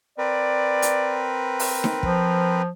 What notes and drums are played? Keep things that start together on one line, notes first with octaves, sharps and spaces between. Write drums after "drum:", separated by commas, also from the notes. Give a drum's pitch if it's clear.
C4 A#4 B4 D5
drum: hi-hat
drum: open hi-hat
drum: snare D#4
F3, drum: kick